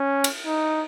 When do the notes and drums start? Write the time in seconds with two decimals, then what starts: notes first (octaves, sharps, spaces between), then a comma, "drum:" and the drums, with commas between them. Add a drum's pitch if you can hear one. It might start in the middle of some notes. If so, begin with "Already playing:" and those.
Already playing: C#4
0.24 drum: cymbal
0.46 D#4